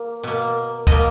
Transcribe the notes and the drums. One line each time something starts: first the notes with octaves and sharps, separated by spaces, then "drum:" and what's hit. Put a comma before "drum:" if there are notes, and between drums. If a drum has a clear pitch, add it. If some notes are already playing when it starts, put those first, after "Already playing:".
Already playing: A#3
B2 A#3
B2 A#3 D#5, drum: kick C#2